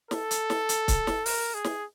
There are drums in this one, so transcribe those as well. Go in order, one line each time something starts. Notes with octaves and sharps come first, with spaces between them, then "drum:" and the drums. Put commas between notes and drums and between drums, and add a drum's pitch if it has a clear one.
A4, drum: snare
drum: hi-hat
drum: snare
drum: hi-hat
drum: kick C#1, hi-hat
drum: snare
A#4, drum: open hi-hat
G#4
drum: snare